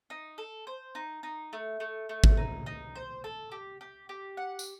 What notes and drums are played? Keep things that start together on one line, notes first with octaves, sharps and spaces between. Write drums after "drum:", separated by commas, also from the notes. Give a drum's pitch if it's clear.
D#4
A4
C5
D#4
D#4
A3
A3
A3
drum: kick G#1
D#4
D#4
C5
A4
G4
G4
G4
F#5
drum: tambourine